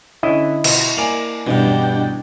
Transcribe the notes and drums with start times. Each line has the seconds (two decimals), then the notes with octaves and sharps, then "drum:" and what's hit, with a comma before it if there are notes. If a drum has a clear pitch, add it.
0.23 D3 C#4 E4 D#5 E5
0.64 B2 F4, drum: cymbal
0.97 A#3 D5 F5 G#5
1.47 A1 G2 B2 D4 G5